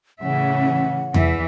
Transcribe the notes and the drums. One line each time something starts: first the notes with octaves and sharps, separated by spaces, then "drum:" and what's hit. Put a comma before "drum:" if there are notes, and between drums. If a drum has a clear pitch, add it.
A2 C#3 E3 C#4 E5 F#5
E2 E3 E5, drum: tom E2